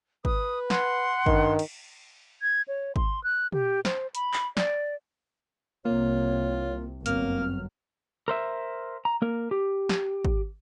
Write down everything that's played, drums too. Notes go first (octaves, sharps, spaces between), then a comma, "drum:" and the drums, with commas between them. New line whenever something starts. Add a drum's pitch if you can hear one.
B4 D#6, drum: kick G#1
F#5 C6, drum: snare
G2 D#3, drum: kick G#1
drum: cymbal
G#6
C#5
C6, drum: kick G#1
F#6
G4, drum: tom
C5, drum: snare
B5, drum: hi-hat
drum: clap
D5, drum: snare
C2 C3 A#3 F4 C#5
G1 F#2 F#3 A#3 C4 F6, drum: hi-hat
A#4 C5 E5
A#5
A#3 A#4
G4
drum: snare
drum: kick G#1